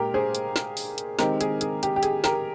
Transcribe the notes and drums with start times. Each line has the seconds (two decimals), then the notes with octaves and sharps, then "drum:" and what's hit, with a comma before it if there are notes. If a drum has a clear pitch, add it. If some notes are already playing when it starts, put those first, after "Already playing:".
Already playing: A#2 G#3 G4 A#4
0.14 G#4 C5
0.35 drum: hi-hat
0.56 drum: snare
0.77 drum: open hi-hat
0.98 drum: hi-hat
1.19 D#3 G#3 C4 G4 A#4, drum: snare
1.41 G#4, drum: hi-hat
1.61 G#4, drum: hi-hat
1.83 G4, drum: hi-hat
1.96 G4
2.03 G#4, drum: hi-hat
2.24 G4 A#4, drum: snare